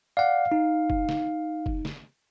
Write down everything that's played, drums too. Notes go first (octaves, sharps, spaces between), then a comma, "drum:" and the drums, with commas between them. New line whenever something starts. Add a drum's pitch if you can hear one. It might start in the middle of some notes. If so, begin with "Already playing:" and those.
D5 F5 F#5
D#4
drum: kick
drum: snare
drum: kick
drum: snare